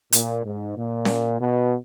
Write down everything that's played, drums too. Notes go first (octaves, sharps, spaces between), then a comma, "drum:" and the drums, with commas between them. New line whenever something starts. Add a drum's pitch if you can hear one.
A#2, drum: hi-hat
G#2
A#2
drum: snare C#4
B2